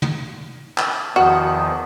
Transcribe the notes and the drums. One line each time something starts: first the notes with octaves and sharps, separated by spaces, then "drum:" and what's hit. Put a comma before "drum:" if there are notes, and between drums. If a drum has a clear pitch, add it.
drum: tom
drum: clap
E2 D#3 F3 F#4